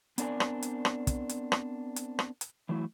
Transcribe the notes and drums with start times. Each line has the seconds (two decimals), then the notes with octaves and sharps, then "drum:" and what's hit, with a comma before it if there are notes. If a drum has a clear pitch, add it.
0.18 B3 C4 D4 A#4 D5 G#5, drum: hi-hat
0.40 drum: rim click
0.62 drum: hi-hat
0.85 drum: rim click
1.07 drum: kick, hi-hat
1.29 drum: hi-hat
1.52 drum: rim click
1.96 drum: hi-hat
2.19 drum: rim click
2.41 drum: hi-hat
2.69 E3 F#3 A3 E4